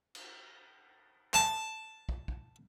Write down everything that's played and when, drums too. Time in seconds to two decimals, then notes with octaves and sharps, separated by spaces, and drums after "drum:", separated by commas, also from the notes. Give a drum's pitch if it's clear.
0.15 drum: cymbal
1.34 A5, drum: clap
2.09 drum: kick
2.28 drum: kick